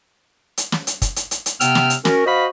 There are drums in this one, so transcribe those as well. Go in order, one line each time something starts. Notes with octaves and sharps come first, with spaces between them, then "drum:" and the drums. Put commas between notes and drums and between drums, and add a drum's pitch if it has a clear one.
drum: hi-hat
drum: snare
drum: hi-hat
drum: kick, hi-hat
drum: hi-hat
drum: hi-hat
drum: hi-hat
C3 B3 G5 E6 F6, drum: hi-hat
drum: snare
drum: hi-hat
C#4 F#4 A#4, drum: snare
F#4 C5 D#5 F5 B5